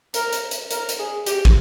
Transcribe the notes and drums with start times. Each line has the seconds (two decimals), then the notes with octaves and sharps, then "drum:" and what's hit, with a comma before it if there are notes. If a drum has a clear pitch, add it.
0.14 A#4, drum: hi-hat
0.33 drum: hi-hat
0.51 drum: hi-hat
0.71 A#4, drum: hi-hat
0.89 drum: hi-hat
0.99 G#4
1.26 G4, drum: hi-hat
1.45 drum: kick